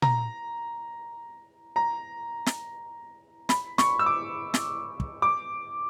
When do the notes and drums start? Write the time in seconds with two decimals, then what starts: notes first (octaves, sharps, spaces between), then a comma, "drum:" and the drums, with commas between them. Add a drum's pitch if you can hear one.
0.02 A#5, drum: tom A#2
1.76 A#5
2.46 drum: snare
3.49 B5, drum: snare
3.78 C#6, drum: snare
3.99 E6
4.06 D6
4.54 drum: snare
5.00 drum: kick
5.22 D6